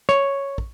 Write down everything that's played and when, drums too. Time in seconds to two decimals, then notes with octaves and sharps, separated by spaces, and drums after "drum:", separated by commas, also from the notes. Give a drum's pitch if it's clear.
0.09 C#5, drum: snare
0.58 drum: kick